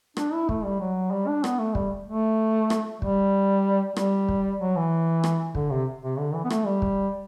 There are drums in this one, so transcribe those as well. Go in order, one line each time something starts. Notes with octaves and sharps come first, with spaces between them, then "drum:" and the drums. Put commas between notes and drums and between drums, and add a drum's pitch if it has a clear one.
D4, drum: rim click
E4
A3, drum: kick
G3
F#3
G3
D4
B3, drum: rim click
A3
G3, drum: kick
A3
drum: rim click
G3, drum: kick
G3, drum: rim click
drum: kick
F#3
E3
drum: rim click
D3, drum: kick
C3
C3
D3
E3
B3
A3, drum: rim click
G3
drum: kick